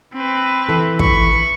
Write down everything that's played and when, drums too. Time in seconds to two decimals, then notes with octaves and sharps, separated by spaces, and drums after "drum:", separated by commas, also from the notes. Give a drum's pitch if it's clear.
0.13 C4 B4
0.69 E3 A4
0.99 B5 C#6, drum: kick